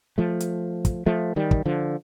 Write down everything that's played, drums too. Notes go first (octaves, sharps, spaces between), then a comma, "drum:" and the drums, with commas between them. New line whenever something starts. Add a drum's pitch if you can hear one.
F3 A3
drum: hi-hat
drum: kick, hi-hat
F3 A3
D#3 G3
drum: kick
D3 F3